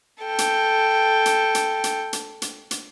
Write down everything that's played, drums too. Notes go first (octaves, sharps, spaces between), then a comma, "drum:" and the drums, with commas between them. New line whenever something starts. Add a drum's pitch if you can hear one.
A4 G5
drum: hi-hat
drum: hi-hat
drum: hi-hat
drum: hi-hat
drum: hi-hat
drum: hi-hat
drum: hi-hat